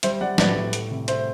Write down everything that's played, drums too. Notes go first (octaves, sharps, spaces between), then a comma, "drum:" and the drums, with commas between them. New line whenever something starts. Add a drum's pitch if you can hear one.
G3 C5 E5, drum: hi-hat
G3 D5 F#5
A2 B4 D5, drum: snare
A2
A3, drum: hi-hat
C3
A3 C5 E5, drum: hi-hat